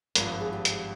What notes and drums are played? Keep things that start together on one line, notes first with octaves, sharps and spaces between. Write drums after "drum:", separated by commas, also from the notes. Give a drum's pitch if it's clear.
G#1 G2 F3 A#4, drum: hi-hat
A#4
G#4
G4
drum: hi-hat